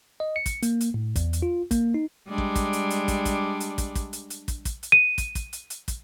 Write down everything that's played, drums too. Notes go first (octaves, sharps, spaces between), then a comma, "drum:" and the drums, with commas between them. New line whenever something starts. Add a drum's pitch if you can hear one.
D#5
C#7
drum: kick, hi-hat
A#3, drum: hi-hat
drum: hi-hat
A2
E2, drum: kick, hi-hat
drum: hi-hat
F4
A#3, drum: kick, hi-hat
D#4
G3 G#3 D4
drum: kick
drum: kick, hi-hat
drum: hi-hat
drum: hi-hat
drum: kick, hi-hat
drum: kick, hi-hat
drum: hi-hat
drum: kick, hi-hat
drum: kick, hi-hat
drum: hi-hat
drum: hi-hat
drum: kick, hi-hat
drum: kick, hi-hat
drum: hi-hat
D#7
drum: kick, hi-hat
drum: kick, hi-hat
drum: hi-hat
drum: hi-hat
drum: kick, hi-hat